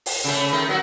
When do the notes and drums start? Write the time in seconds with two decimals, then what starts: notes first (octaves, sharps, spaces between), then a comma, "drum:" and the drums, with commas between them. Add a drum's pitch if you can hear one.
0.06 drum: open hi-hat
0.24 C#3 A3
0.52 D#3 A3
0.69 F#3 B3 F#4